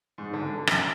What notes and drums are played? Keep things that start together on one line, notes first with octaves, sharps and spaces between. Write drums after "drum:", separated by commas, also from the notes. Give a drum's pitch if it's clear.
G#2
D3
D3
F#2, drum: rim click